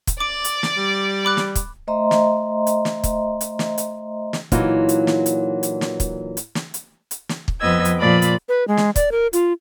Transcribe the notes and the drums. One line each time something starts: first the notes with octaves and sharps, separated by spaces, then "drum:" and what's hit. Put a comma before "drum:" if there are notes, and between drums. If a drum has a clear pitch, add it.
drum: kick, hi-hat
D5 D6 D7
drum: hi-hat
drum: snare
G3
B5 D6 F#6
drum: snare
drum: kick, hi-hat
A3 C5 D#5 E5 A#5 C6
drum: snare
drum: hi-hat
drum: snare
drum: kick, hi-hat
drum: hi-hat
drum: snare
drum: hi-hat
drum: snare
A#2 E3 F#3 D#4 F4, drum: kick, hi-hat
drum: hi-hat
drum: snare
drum: hi-hat
drum: hi-hat
drum: snare
drum: kick, hi-hat
drum: hi-hat
drum: snare
drum: hi-hat
drum: hi-hat
drum: snare
drum: kick
F2 B3 D#5 E6 G#6
drum: hi-hat
A#2 F3 D5 B5 D6
drum: hi-hat
B4
G#3
drum: snare
D5, drum: kick, hi-hat
A#4
F4, drum: hi-hat